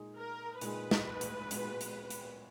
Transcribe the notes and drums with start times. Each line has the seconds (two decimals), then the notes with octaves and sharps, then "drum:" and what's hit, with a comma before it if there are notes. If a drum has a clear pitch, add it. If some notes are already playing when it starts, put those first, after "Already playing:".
Already playing: A#2 G#3 D#4 G#4
0.17 A#4
0.61 A#2 G#3 D#4 G#4 B4, drum: hi-hat
0.91 drum: snare
1.21 drum: hi-hat
1.51 A#2 G#3 B3 F#4, drum: hi-hat
1.81 drum: hi-hat
2.10 drum: hi-hat